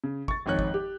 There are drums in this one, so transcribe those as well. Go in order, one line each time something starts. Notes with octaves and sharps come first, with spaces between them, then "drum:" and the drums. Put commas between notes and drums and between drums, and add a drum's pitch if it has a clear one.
C#3
C#6 A6, drum: kick
G#1 F2 D#4 C#5 F#6
drum: kick
G4